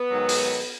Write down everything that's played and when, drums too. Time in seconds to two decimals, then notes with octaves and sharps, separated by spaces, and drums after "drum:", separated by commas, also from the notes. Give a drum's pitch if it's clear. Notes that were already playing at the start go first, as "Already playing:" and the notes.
Already playing: B3
0.08 G#2 D#3 F#3
0.29 drum: open hi-hat